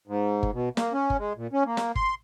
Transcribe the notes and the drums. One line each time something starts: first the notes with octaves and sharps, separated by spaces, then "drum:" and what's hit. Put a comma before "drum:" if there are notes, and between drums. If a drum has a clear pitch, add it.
G#2
drum: kick G1
B2
A#3, drum: snare
C#4
drum: kick G1
G#3
A#2
C#4
A#3
drum: snare
C6, drum: kick G1